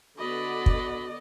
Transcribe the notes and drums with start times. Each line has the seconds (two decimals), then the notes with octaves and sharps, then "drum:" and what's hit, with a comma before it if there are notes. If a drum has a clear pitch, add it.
0.18 D3 B3 F#4 D5 D#5 B5
0.66 drum: kick